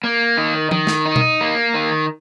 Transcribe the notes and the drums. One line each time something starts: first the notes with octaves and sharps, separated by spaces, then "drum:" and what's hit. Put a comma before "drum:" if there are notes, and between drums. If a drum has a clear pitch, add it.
A#3
D#3
D#3, drum: tom F3
drum: snare
D#4
drum: tom B2
A#3
D#3